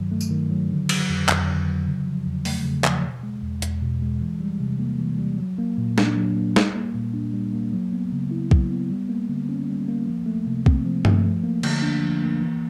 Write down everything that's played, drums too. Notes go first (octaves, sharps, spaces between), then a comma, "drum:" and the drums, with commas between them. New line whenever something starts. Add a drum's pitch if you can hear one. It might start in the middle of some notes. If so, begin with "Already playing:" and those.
Already playing: G2 D#3 F#3
A3
drum: tambourine
D#3
F#3
D3
F#3, drum: cymbal
F2
F2, drum: clap
D3
F#3
C#3
F3
E2
A3, drum: open hi-hat
C#3
F3, drum: clap
B2
G#3
E2
E2, drum: hi-hat
B2
G#3
E3
G3
C3
A#3
E3
G3
F#3
A#3
A#2
D4, drum: snare
F#3
A#3
G3, drum: snare
A#3
A#2
D4
G3
A#3
F#3
B3
C#3
E4
F#3, drum: kick B1
B3
G3
A#3
D3
C#4
G3
A#3
F3
A3
C3
C4, drum: kick B1
F3
A3, drum: tom G2
F3
A#3
D3, drum: cymbal
D4
F3
A#3
E3